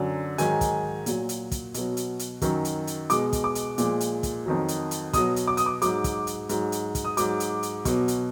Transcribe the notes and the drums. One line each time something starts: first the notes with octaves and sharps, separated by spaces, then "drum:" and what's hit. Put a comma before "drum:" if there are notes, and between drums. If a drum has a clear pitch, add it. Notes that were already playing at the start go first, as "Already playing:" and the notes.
Already playing: F#2 D3 F#3
G#2 D#3 F#3 G#5, drum: hi-hat
drum: kick, hi-hat
A#2 F#3, drum: hi-hat
drum: hi-hat
drum: kick, hi-hat
B2 F#3, drum: hi-hat
drum: hi-hat
drum: hi-hat
F#2 D#3 F#3, drum: kick, hi-hat
drum: hi-hat
drum: hi-hat
B2 G#3 D6, drum: hi-hat
drum: kick, hi-hat
D6
drum: hi-hat
A#2 F3 G#3, drum: hi-hat
drum: hi-hat
drum: kick, hi-hat
F2 D#3 F#3
drum: hi-hat
drum: hi-hat
B2 F#3 D#6, drum: kick, hi-hat
drum: hi-hat
D6
D#6, drum: hi-hat
D6
G#2 F#3 D6, drum: hi-hat
drum: kick, hi-hat
drum: hi-hat
G#2 F#3, drum: hi-hat
drum: hi-hat
drum: kick, hi-hat
D#6
G#2 F#3 D6, drum: hi-hat
drum: hi-hat
drum: hi-hat
B2 F#3, drum: kick, hi-hat
drum: hi-hat